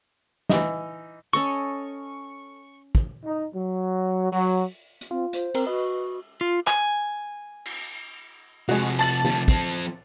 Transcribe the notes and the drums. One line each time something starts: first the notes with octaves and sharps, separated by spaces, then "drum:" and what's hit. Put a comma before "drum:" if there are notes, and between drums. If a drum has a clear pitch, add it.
E3 D#4, drum: snare
C#4 A4 D#5 C#6
drum: kick
D#4
F#3
F#3, drum: open hi-hat
drum: hi-hat
C4 F4
C5, drum: hi-hat
C4 A#4, drum: cymbal
F#4 B4 D#5
F4
G#5, drum: clap
drum: cymbal
C3 F3 G#3 F#4
A5 A6 F#7, drum: cymbal
C3 F3, drum: tom D3
F3 C4, drum: kick